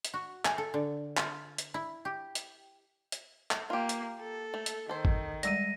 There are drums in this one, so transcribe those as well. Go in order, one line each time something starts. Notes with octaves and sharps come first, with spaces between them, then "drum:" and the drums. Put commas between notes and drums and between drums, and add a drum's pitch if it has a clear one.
drum: hi-hat
F#4
G#5, drum: clap
A4
D3
F4, drum: clap
drum: hi-hat
E4
G4
drum: hi-hat
drum: hi-hat
drum: clap
A#3 F4 G4
drum: hi-hat
A4
A3
drum: hi-hat
D#3 A4 C5
drum: kick G#1
G3 G#3 D5 A#6 D#7, drum: hi-hat